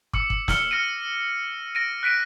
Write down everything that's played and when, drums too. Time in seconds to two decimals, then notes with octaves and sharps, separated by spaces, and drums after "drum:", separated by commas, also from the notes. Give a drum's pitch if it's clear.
0.13 D6 E6 C#7, drum: kick
0.30 drum: kick
0.48 E6 F6 C#7, drum: snare
0.71 F6 A#6 C#7 D#7
1.75 A#6 D7 D#7
2.03 F#6 B6 D7 D#7